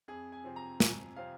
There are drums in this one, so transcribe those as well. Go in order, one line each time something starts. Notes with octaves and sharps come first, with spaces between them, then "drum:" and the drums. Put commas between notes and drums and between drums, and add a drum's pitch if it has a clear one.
F2 G#4
G#5
C3 F3 C4
A#5
F2 G#5, drum: snare
C3 F3 C4 F5